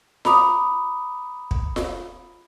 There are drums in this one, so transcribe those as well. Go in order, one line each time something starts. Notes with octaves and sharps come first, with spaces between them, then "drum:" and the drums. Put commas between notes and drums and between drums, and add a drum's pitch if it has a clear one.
A#5 B5 D6 D#6, drum: snare F4
drum: kick
drum: snare F4